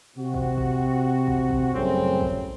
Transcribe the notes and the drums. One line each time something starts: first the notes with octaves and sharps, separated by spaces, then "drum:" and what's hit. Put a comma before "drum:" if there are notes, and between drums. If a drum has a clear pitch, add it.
C3 C4 F#4
drum: kick
drum: kick
drum: kick
drum: kick
F#2 A2 C#3 G3 C4
drum: kick